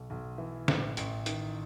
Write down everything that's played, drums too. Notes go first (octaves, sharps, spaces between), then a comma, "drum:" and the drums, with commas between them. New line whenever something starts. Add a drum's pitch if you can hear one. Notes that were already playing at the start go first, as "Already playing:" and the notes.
Already playing: B1
B1
E3
A1, drum: snare
A1, drum: hi-hat
D#3, drum: hi-hat